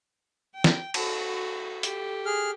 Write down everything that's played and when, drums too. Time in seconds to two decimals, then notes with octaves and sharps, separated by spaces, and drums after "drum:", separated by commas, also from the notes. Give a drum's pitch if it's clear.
0.55 G5
0.64 drum: snare
0.94 F#4 A4, drum: cymbal
1.83 G4 A4, drum: hi-hat
2.26 G#4 F6